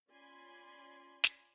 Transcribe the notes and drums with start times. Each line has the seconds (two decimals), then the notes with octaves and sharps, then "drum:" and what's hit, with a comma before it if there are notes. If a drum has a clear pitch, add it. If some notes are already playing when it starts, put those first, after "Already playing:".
0.10 C#4 F4 D5 G#5 B5 C6
1.24 drum: snare